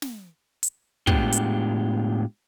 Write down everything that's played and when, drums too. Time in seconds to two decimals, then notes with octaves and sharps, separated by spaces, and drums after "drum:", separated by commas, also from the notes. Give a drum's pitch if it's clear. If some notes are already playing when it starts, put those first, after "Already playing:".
0.02 drum: snare
0.63 drum: hi-hat
1.07 A2 G#3 B3 D4 F4 G4, drum: kick
1.32 drum: hi-hat